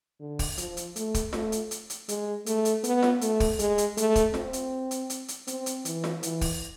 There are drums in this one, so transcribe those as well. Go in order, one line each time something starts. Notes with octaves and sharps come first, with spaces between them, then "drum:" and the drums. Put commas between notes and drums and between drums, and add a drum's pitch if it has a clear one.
D3
drum: kick, open hi-hat
F3, drum: hi-hat
drum: hi-hat
A3, drum: hi-hat
drum: kick, hi-hat
A3, drum: snare F4
drum: hi-hat
drum: hi-hat
drum: hi-hat
G#3, drum: hi-hat
A3, drum: hi-hat
drum: hi-hat
B3, drum: hi-hat
drum: snare F4
A3, drum: hi-hat
drum: kick, open hi-hat
G#3, drum: hi-hat
drum: hi-hat
A3, drum: hi-hat
drum: kick, hi-hat
C4, drum: snare F4
drum: hi-hat
drum: hi-hat
drum: hi-hat
drum: hi-hat
C4, drum: hi-hat
drum: hi-hat
E3, drum: hi-hat
drum: snare F4
E3, drum: hi-hat
drum: kick, open hi-hat